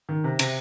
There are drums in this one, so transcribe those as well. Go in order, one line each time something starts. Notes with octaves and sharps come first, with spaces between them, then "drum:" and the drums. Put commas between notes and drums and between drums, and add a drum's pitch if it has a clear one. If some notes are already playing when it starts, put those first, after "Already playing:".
D#3
C3
C3, drum: cymbal